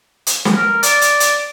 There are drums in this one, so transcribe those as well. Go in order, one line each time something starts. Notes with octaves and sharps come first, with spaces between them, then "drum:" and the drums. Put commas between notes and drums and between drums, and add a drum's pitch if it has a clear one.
drum: hi-hat
drum: snare
A#4
D5, drum: hi-hat
drum: hi-hat
drum: hi-hat